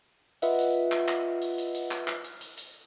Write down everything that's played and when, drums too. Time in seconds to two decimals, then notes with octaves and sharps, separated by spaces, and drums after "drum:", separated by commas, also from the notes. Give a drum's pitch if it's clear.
0.42 F4 B4 D#5 E5 F#5, drum: hi-hat
0.59 drum: hi-hat
0.92 drum: clap
1.08 drum: clap
1.41 drum: hi-hat
1.58 drum: hi-hat
1.75 drum: hi-hat
1.91 drum: clap
2.08 drum: clap
2.24 drum: hi-hat
2.41 drum: hi-hat
2.57 drum: hi-hat